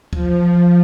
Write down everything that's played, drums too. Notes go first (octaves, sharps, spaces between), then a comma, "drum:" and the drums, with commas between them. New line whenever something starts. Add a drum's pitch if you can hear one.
F3, drum: kick